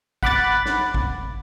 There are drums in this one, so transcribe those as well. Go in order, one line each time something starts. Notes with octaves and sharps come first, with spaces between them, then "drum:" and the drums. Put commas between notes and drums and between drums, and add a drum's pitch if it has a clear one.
F#5 B5 D6 F#6 A6, drum: kick G#1
drum: snare
drum: kick G#1